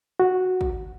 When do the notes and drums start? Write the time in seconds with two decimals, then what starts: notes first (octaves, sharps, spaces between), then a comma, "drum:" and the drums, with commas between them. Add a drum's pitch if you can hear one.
0.20 F#4
0.61 drum: kick